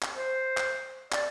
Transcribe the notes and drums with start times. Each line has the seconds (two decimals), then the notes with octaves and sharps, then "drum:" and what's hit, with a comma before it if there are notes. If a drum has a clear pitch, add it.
0.02 drum: clap
0.14 C5
0.57 drum: clap
1.12 D5, drum: clap